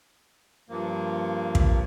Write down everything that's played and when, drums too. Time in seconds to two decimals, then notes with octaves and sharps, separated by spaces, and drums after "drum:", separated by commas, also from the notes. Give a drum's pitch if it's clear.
0.69 G2 F3 A#3
1.55 drum: kick